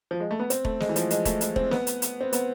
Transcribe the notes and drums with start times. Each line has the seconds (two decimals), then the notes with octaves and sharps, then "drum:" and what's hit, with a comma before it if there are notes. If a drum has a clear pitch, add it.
0.11 F3
0.20 G#3
0.31 A3
0.39 B3
0.50 C4, drum: hi-hat
0.65 A3, drum: kick E1
0.80 G#3, drum: snare
0.89 E3
0.96 F3, drum: hi-hat
1.10 G#3, drum: hi-hat
1.25 A3, drum: kick E1, hi-hat
1.41 G#3, drum: hi-hat
1.56 C4, drum: kick E1
1.71 B3, drum: snare
1.87 drum: hi-hat
2.02 drum: hi-hat
2.21 C4
2.33 B3, drum: hi-hat